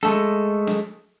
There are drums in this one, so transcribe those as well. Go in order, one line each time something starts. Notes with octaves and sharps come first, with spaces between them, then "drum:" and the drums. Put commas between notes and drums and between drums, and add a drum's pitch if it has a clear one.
G#3 A3 A4, drum: snare
drum: snare